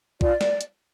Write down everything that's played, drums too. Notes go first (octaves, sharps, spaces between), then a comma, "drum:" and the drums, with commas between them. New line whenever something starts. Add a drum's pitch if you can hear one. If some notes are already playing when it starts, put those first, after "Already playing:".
F4 D5, drum: kick A#1
drum: snare
drum: hi-hat